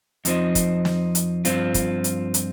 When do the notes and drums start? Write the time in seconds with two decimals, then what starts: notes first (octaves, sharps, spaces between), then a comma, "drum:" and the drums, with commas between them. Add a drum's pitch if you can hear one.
0.25 F2 F3 C4 D#4, drum: hi-hat
0.55 drum: kick, hi-hat
0.85 drum: snare
1.15 drum: hi-hat
1.45 G2 F3 C4 F4, drum: hi-hat
1.74 drum: kick, hi-hat
2.04 drum: hi-hat
2.34 drum: hi-hat